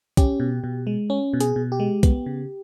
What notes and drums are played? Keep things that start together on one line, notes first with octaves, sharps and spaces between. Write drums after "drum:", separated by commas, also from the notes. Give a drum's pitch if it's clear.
C#4 G4, drum: kick, hi-hat
B2
B2
G#3
C#4
B2
G#4, drum: hi-hat
B2
G4
G#3
B3, drum: kick, hi-hat
C#3